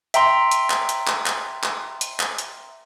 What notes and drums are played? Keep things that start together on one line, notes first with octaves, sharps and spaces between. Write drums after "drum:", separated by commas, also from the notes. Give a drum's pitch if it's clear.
E5 G5 A#5 C6, drum: hi-hat
drum: hi-hat
drum: clap
drum: hi-hat
drum: clap
drum: clap
drum: clap
drum: hi-hat
drum: clap
drum: hi-hat